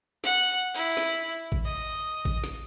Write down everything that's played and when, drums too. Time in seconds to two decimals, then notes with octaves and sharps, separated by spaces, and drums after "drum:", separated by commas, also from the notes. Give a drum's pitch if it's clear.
0.24 F#5, drum: snare
0.74 E4
0.97 drum: snare
1.52 drum: kick A1
1.65 D#5
2.25 drum: kick A1
2.44 drum: snare